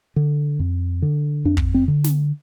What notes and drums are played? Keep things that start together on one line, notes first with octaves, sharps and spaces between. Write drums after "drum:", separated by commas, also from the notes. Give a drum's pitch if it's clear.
D3
F2
D3
F2 D4
drum: kick
C4
D3
drum: snare